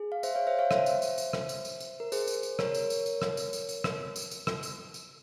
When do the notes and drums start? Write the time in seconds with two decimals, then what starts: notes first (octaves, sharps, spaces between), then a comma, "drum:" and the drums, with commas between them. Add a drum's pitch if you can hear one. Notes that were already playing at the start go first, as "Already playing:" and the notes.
Already playing: G#4
0.12 F5
0.23 C5 E5, drum: tambourine
0.35 C#5 F5
0.47 C5 E5
0.59 C#5 F5
0.71 C5 E5, drum: rim click
0.86 drum: tambourine
1.02 drum: tambourine
1.18 drum: tambourine
1.33 drum: rim click
1.49 drum: tambourine
1.65 drum: tambourine
1.80 drum: tambourine
2.00 A#4
2.12 G#4 C5, drum: tambourine
2.27 drum: tambourine
2.43 drum: tambourine
2.59 A#4 C#5, drum: rim click
2.75 drum: tambourine
2.90 drum: tambourine
3.06 drum: tambourine
3.22 drum: rim click
3.37 drum: tambourine
3.53 drum: tambourine
3.69 drum: tambourine
3.84 drum: rim click
4.16 drum: tambourine
4.31 drum: tambourine
4.47 drum: rim click
4.63 drum: tambourine
4.94 drum: tambourine